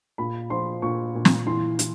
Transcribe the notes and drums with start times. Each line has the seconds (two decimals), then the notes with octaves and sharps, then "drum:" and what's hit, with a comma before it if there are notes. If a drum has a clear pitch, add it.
0.18 A#2 B5
0.50 F3 C6
0.82 A#2 C#6
1.15 A#2
1.25 drum: snare
1.47 E3 C6
1.79 E3, drum: hi-hat